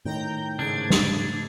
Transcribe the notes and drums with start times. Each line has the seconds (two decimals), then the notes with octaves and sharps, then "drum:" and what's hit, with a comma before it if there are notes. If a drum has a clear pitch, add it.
0.05 A2 D#3 G5 A#5 G6
0.59 G#2 C#3 A3 D4 G#6
0.90 drum: snare